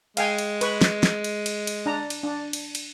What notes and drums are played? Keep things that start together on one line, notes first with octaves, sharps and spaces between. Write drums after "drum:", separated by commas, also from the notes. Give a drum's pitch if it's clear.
G#3 F5 G5 G#5, drum: cymbal
drum: cymbal
B4 C#6, drum: cymbal
drum: snare
drum: snare
drum: cymbal
drum: cymbal
drum: cymbal
D4 A#5
drum: cymbal
D4
drum: cymbal
drum: cymbal